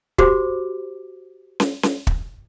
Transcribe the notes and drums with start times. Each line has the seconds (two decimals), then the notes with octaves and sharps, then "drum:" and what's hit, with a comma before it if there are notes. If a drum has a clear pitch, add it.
0.18 F#4 G4 C5 D6, drum: kick
1.60 drum: snare C#4
1.83 drum: snare C#4
2.07 drum: kick